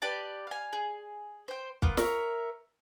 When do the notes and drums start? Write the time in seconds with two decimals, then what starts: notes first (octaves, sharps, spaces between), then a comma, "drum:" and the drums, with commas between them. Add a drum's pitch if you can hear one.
0.02 G4 B4 D5 A5
0.47 F5 G#5
0.73 G#4
1.48 C5 G5
1.82 A#3 B3 F4, drum: kick
1.97 A#4 C#5 E5, drum: snare